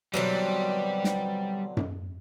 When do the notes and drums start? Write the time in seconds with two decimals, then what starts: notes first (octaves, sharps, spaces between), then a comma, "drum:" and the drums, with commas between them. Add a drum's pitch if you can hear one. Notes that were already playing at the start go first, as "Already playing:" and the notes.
0.14 B2 D3 E3 F#3 G3 C4
1.04 drum: snare
1.77 drum: tom F#2